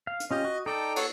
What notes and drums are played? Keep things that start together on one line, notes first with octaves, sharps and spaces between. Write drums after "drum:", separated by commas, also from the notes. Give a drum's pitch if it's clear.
F5
drum: hi-hat
C#4 F4 G4 D#5
F#4
D#4 A4 D5 G5 A5
A4 C#5 F#5, drum: cymbal